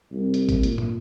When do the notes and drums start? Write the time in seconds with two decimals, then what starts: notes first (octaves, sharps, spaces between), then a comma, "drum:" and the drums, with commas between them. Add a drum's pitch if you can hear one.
0.12 C2
0.34 drum: hi-hat
0.49 drum: kick G#1, hi-hat
0.63 A#2, drum: hi-hat
0.78 drum: tom